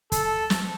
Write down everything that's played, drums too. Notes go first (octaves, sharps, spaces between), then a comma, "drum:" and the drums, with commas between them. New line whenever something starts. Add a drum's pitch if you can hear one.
A4, drum: kick, hi-hat
drum: snare